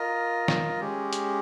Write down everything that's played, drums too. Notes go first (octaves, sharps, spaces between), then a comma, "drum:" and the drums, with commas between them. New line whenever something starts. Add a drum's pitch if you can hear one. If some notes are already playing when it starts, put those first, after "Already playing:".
Already playing: F4 A#4 D#5
drum: snare
G#3 C#4 G4
drum: hi-hat